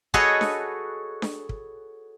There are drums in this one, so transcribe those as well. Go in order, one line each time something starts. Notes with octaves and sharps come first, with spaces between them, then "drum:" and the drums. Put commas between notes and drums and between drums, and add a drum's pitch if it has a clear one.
F#4 G#4 A4 B4 C#5 D#5, drum: kick
drum: snare D4
drum: snare D4
drum: kick